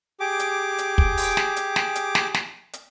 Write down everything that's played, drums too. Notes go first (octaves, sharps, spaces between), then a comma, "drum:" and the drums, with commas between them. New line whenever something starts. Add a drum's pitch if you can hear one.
G4 G#4 D6
drum: hi-hat
drum: hi-hat
drum: kick
drum: open hi-hat
drum: snare
drum: hi-hat
drum: snare
drum: hi-hat
drum: snare
drum: snare
drum: hi-hat